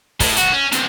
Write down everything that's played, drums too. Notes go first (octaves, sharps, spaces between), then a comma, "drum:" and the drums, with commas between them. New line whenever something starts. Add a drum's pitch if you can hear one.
A2, drum: kick, open hi-hat
C2 F#4, drum: hi-hat
C#4
E2 C3, drum: hi-hat